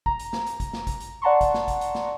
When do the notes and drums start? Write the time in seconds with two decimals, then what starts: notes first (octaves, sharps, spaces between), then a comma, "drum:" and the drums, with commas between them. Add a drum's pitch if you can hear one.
0.06 A#5, drum: kick
0.19 drum: hi-hat
0.33 drum: snare
0.46 drum: hi-hat
0.60 drum: kick, hi-hat
0.73 drum: snare
0.87 drum: kick, hi-hat
1.00 drum: hi-hat
1.22 D5 F#5 A5 A#5 C6 C#6
1.41 drum: kick, hi-hat
1.54 drum: snare
1.68 drum: kick, hi-hat
1.81 drum: hi-hat
1.95 drum: snare